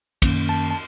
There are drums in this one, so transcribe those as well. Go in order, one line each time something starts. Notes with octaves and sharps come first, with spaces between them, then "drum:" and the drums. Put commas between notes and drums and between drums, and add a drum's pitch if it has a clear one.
F#2 D#3 A#3 C#4, drum: kick, cymbal
A5
A5